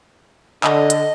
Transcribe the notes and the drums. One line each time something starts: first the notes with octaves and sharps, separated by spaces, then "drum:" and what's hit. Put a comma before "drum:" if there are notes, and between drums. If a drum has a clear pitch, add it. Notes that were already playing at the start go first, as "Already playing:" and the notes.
D3 D#5, drum: clap
drum: hi-hat